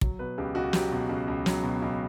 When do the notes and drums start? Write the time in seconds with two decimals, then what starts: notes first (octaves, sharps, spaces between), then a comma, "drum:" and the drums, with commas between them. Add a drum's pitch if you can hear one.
0.01 F#3, drum: kick
0.19 B2 B4
0.38 C#2 G4
0.55 C#2 F#4
0.73 F#3 G4, drum: snare
0.92 B2
1.09 C#2
1.28 C#2
1.46 F#3, drum: snare
1.64 B2
1.82 C#2